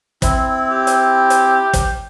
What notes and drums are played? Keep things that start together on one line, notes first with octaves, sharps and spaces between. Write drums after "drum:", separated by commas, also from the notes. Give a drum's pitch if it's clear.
C4 E4, drum: kick, hi-hat
G4
drum: hi-hat
drum: hi-hat
drum: kick, hi-hat